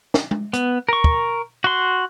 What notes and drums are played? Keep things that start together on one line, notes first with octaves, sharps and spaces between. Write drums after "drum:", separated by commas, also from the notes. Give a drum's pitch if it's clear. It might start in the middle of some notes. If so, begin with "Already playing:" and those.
drum: snare
drum: tom G#3
B3, drum: hi-hat
A#4 C#6
drum: kick
F#4 C6